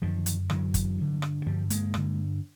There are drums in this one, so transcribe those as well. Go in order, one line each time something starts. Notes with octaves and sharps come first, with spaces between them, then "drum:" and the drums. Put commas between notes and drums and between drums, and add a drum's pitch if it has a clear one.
F#2 D3 D#3 F3
drum: hi-hat
F#2 D3 E3 F#3, drum: rim click
drum: kick G1, hi-hat
G2 D3
drum: rim click
G2 D3 F3 G3
G#3 A#3, drum: hi-hat
G2 D3, drum: rim click